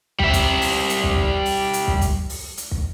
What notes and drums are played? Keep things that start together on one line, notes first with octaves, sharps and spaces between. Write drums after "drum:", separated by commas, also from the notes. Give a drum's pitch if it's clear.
G3 E5, drum: kick
drum: kick, hi-hat
drum: open hi-hat
drum: hi-hat
drum: kick
drum: kick
drum: open hi-hat
drum: hi-hat
drum: kick
drum: kick, hi-hat
drum: open hi-hat
drum: hi-hat
drum: kick